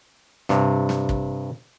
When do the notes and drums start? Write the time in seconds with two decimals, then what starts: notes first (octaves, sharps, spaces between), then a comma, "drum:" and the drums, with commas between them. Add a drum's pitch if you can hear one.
0.49 G2 C3, drum: snare
0.89 drum: snare
1.09 drum: kick